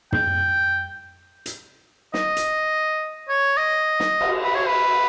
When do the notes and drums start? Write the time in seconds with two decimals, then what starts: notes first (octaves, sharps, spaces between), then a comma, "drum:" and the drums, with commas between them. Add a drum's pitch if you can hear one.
0.12 G5, drum: tom
1.46 drum: hi-hat
2.14 D#5, drum: snare
2.37 drum: hi-hat
3.28 C#5
3.57 D#5
4.00 drum: snare
4.21 drum: cymbal
4.43 B4
4.55 C#5
4.67 B4